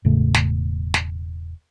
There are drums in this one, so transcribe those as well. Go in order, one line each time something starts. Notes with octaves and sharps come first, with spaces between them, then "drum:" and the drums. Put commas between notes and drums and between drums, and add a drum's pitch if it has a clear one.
E1 A2 C#3 A3
drum: snare
drum: snare